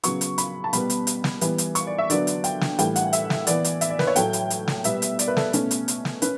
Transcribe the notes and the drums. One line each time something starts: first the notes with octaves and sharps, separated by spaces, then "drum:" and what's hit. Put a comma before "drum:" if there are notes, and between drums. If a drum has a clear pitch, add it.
C#3 F#3 B3 C#6, drum: hi-hat
drum: hi-hat
B5, drum: hi-hat
A5
B2 G3 B3 B5, drum: hi-hat
drum: hi-hat
drum: hi-hat
drum: snare
E3 G3 B3, drum: hi-hat
drum: hi-hat
C#6, drum: hi-hat
D5
E5
D3 F#3 B3 D5, drum: hi-hat
drum: hi-hat
G5, drum: hi-hat
drum: snare
A2 E3 G3 G5, drum: hi-hat
F#5, drum: hi-hat
E5, drum: hi-hat
drum: snare
E3 B3 D5, drum: hi-hat
drum: hi-hat
E5, drum: hi-hat
D5
B4, drum: snare
C#5
A2 F#3 A3 G5, drum: hi-hat
drum: hi-hat
drum: hi-hat
drum: snare
B2 G3 B3 E5, drum: hi-hat
drum: hi-hat
D5, drum: hi-hat
B4
A4, drum: snare
B2 A3 C#4, drum: hi-hat
drum: hi-hat
drum: hi-hat
drum: snare
C#4 B4, drum: hi-hat